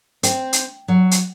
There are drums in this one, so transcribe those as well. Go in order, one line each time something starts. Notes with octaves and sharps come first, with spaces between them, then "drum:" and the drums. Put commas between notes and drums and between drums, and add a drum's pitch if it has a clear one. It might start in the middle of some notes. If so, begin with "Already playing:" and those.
C4, drum: hi-hat
drum: hi-hat
F#3
drum: hi-hat